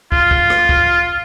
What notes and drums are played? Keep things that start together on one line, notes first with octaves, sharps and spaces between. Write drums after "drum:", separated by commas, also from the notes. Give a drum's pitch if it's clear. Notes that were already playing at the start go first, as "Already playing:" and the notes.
F4, drum: kick
drum: kick
drum: rim click
drum: kick